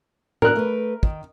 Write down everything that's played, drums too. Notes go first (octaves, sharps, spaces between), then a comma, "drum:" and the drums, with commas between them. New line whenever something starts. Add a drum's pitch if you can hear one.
D4 A#4 F#6, drum: tom A2
A3 B4
D#3, drum: kick